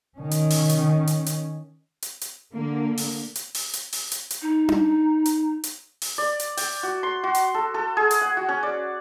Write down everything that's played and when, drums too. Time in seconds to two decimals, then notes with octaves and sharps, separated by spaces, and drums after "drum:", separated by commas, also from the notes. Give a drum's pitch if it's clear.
0.18 D#3 C#4
0.31 drum: hi-hat
0.50 drum: open hi-hat
0.69 drum: hi-hat
1.07 drum: hi-hat
1.26 drum: hi-hat
2.02 drum: hi-hat
2.21 drum: hi-hat
2.52 D3 A#3
2.98 drum: open hi-hat
3.36 drum: hi-hat
3.55 drum: open hi-hat
3.74 drum: hi-hat
3.93 drum: open hi-hat
4.12 drum: hi-hat
4.31 drum: hi-hat
4.42 D#4
4.69 drum: tom D4
5.26 drum: hi-hat
5.64 drum: hi-hat
6.02 drum: open hi-hat
6.18 D5
6.40 drum: hi-hat
6.57 G5, drum: open hi-hat
6.83 F#4
7.03 C6
7.24 F#4
7.35 drum: hi-hat
7.55 A4
7.74 A4
7.97 G#4
8.11 drum: hi-hat
8.21 F#5
8.37 F#4
8.49 C#4
8.63 D5